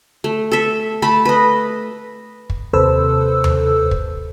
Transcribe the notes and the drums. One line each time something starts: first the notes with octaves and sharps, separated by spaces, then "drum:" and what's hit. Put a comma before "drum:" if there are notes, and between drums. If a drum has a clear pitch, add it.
A3
A4 E5
A3 A5 B5
B4 D#5
drum: kick
D#2 C3 A4 B4 C5 E6
drum: tom D#2
drum: kick